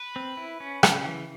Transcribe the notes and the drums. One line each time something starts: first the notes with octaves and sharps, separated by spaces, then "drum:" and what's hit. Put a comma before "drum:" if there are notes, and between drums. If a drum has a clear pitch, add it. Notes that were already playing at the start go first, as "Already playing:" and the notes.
Already playing: B4
C4
E4
C#4
C#3, drum: rim click
E3